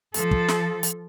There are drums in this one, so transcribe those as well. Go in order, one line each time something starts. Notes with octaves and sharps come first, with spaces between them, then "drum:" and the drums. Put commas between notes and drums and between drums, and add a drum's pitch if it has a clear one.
F3 A4, drum: hi-hat
drum: kick
drum: snare
drum: hi-hat